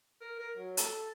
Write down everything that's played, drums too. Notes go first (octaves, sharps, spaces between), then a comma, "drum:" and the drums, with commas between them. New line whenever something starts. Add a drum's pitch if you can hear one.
A#4
A#4
F#3
A4, drum: hi-hat